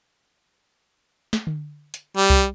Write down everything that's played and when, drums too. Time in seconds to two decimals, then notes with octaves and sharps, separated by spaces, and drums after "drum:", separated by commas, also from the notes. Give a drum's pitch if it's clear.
1.33 drum: snare
1.47 drum: tom D3
1.94 drum: hi-hat
2.17 G3
2.30 drum: kick C2